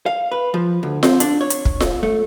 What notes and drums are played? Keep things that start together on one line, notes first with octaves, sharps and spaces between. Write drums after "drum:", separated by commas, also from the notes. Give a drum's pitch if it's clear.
F5
B4
F3
D2
C4, drum: snare F4
D4, drum: hi-hat
C#5
drum: hi-hat
drum: kick
drum: snare F4
A3